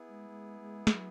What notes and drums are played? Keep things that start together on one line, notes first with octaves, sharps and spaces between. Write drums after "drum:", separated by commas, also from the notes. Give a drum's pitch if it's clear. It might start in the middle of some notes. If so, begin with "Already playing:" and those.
Already playing: B3 E4 G#4
G#3
G#3
G#3
G#3, drum: snare
F#3